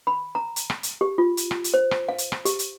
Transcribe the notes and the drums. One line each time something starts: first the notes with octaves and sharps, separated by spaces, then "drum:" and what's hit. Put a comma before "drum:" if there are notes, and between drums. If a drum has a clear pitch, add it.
B5
A#5
drum: hi-hat
drum: rim click
drum: hi-hat
G4
F4
drum: hi-hat
drum: rim click
drum: hi-hat
C5
drum: rim click
F5
drum: hi-hat
drum: rim click
G4, drum: hi-hat
drum: hi-hat